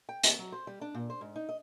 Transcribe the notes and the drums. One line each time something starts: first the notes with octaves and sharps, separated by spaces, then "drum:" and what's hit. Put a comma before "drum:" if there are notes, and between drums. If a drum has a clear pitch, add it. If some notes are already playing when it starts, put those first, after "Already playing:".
G5
D#2, drum: hi-hat
F#3
C5
G3
D4
A#2
C5
G#2
D#4
D#5